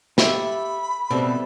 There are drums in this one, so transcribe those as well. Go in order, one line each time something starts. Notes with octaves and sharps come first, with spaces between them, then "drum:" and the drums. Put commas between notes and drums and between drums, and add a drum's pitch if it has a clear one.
G4 A4 E5 B5, drum: snare
B2 E3 G3 C4 A4